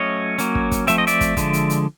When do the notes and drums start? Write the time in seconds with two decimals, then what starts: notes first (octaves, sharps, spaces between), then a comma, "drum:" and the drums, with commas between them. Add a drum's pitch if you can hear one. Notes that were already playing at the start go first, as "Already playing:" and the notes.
Already playing: F#3 A3 C#4 C#5 D#5
0.38 F#3 A#3 C#4, drum: hi-hat
0.55 drum: kick
0.71 drum: kick, hi-hat
0.87 F3 A3 C4 E5, drum: hi-hat
0.98 D#5
1.07 D5 E5, drum: hi-hat
1.21 drum: kick, hi-hat
1.37 D3 F3 G#3, drum: kick, hi-hat
1.53 drum: hi-hat
1.70 drum: hi-hat